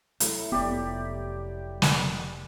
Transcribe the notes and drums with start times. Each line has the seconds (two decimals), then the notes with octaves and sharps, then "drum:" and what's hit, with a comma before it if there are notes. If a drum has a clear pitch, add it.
0.20 F#3 A3 E4, drum: hi-hat
0.52 F1 B3 G4 D5
1.82 drum: snare